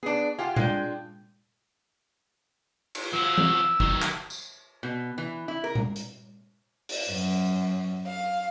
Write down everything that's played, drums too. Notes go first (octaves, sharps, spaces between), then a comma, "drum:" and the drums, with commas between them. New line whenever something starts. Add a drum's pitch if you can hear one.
B3 D4 G#4
F4 G4 F#5 G#5
G#3 D4 F4 G5 G#6, drum: tom A#2
drum: cymbal
F3 F#4 E6
drum: tom E3
D#3 F#3, drum: kick
drum: clap
drum: tambourine
B2
E3
E4
A#4
drum: tom A#2
drum: hi-hat
drum: open hi-hat
F#2
F5